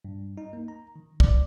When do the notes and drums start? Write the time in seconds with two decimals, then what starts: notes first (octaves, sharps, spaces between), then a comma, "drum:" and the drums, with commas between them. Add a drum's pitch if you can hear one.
0.05 G2
0.38 D#4
0.53 A#3
0.68 A#5
0.96 D#3
1.20 D5, drum: kick